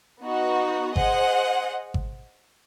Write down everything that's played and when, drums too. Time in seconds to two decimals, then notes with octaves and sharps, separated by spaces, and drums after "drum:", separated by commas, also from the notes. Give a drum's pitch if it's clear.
0.21 B3 D#4 F#4
0.96 G#4 C5 D#5 F#5, drum: kick G#1
1.94 drum: kick G#1